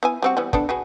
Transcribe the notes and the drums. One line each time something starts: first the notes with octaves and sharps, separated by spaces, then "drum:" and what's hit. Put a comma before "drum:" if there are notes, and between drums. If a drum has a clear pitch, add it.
B3 E4 G#5
G3 C4 F#4
E3 G3 B3
B3 D4 A4, drum: kick
F#4 G#4 B4